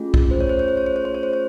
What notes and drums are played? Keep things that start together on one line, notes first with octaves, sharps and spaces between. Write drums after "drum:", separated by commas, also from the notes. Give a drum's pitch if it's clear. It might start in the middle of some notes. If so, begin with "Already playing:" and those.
Already playing: A3 C#4 F4 G#4
drum: kick B1
C5
C#5
C5
C#5
C5
C#5
C5
C#5
C5
C#5
C5
C#5